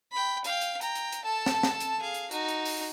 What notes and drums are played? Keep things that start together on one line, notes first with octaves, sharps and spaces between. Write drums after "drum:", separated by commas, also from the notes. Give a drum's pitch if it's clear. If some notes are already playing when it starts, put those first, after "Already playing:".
G5 B5
F5 G5, drum: hi-hat
drum: hi-hat
G5 A#5, drum: hi-hat
drum: hi-hat
drum: hi-hat
A4 A5
drum: snare
drum: snare
drum: hi-hat
G#4 F5
drum: hi-hat
D#4 F#4, drum: hi-hat
drum: hi-hat
drum: open hi-hat